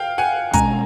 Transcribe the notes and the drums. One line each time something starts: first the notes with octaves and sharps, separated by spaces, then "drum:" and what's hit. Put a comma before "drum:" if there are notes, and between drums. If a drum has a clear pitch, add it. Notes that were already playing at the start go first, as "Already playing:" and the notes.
Already playing: F5 G5
F#5 G#5
B2 G#3 C#4 G#5 A#5, drum: kick, hi-hat